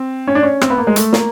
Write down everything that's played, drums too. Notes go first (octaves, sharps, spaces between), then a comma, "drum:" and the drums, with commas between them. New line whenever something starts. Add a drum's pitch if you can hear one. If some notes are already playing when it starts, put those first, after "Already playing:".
Already playing: C4
C#4
D4
C#4
C4, drum: rim click
B3
A#3
G#3
A3, drum: hi-hat
A#3, drum: snare